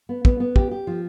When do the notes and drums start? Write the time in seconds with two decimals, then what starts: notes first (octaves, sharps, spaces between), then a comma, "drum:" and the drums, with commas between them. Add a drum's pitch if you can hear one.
0.09 B3
0.25 B3, drum: kick
0.40 B3
0.56 G4, drum: kick
0.71 G4
0.87 F3